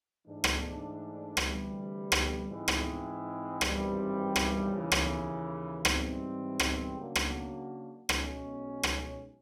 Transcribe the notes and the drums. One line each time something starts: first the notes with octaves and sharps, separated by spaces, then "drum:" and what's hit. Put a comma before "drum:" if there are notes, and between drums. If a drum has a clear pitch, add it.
G#2 E3 A3 D4
drum: rim click
D2 C3 E3 G3, drum: rim click
drum: rim click
G#2 E3 G#3 C4 E4
drum: rim click
G#1 G2 E3 G3 C4, drum: rim click
drum: rim click
D#2 C#3 E3
drum: rim click
G#2 E3 G3 C4, drum: rim click
drum: rim click
C#3 F#3 A#3 D4 F#4
drum: rim click
B1 B2 G#3 C#4, drum: rim click
drum: rim click